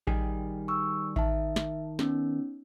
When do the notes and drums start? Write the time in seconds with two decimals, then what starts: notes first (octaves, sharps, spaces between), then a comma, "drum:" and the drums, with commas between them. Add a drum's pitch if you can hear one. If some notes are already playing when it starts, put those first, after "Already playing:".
0.07 D#3 G3 G#4, drum: kick A1
0.68 C#6 E6
1.16 D#3 E5 A5, drum: kick A1
1.56 drum: snare
1.99 B3 C#4 D#4, drum: snare